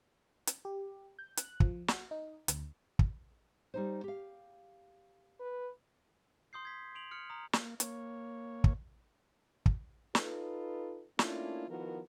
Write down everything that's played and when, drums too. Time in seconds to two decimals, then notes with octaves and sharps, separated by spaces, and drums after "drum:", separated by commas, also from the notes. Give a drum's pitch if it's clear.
0.47 drum: hi-hat
0.65 G4
1.19 G6
1.37 F#6, drum: hi-hat
1.60 F3, drum: kick
1.88 F#4, drum: snare
2.11 D#4
2.48 D2, drum: hi-hat
2.99 drum: kick
3.74 G3 D#4 C5
4.04 G4 F5
5.40 B4
6.53 C6 D#6 G6 C7
6.65 G#6 B6
6.95 C6 D7 F7 F#7
7.11 D#6 F6 C#7
7.30 A#5 D#6
7.53 A#3, drum: snare
7.80 A#3 C#5, drum: hi-hat
8.64 drum: kick
9.66 drum: kick
10.15 D#4 F4 A4 B4, drum: snare
11.19 A3 A#3 C#4 D4 E4 F4, drum: snare
11.68 D#3 F3 B3 E4 F#4 A#4